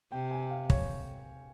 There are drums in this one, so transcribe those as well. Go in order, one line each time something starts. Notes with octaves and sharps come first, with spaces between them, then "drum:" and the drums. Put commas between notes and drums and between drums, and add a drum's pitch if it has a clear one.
C3 G5
G#5
F5
C#5, drum: kick